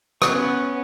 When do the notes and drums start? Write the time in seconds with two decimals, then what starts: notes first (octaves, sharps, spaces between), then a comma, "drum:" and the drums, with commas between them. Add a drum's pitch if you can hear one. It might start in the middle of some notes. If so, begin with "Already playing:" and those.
0.22 B3 C#4 F#5 C#6, drum: rim click